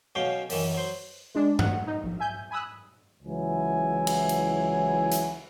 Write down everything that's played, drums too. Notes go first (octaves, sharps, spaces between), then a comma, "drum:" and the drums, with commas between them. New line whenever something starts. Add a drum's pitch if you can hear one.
B1 B2 C#4 F#4 F5 G5
F#2 D#3 E3, drum: open hi-hat
F#3 C5
G#3 D4
F#5, drum: tom G2
D#4
A#1
E5 G#5 G6
G#5 B5 D#6 E6 F#6
C#2 E3 F#3 E4 G#5
drum: cymbal
drum: hi-hat
drum: hi-hat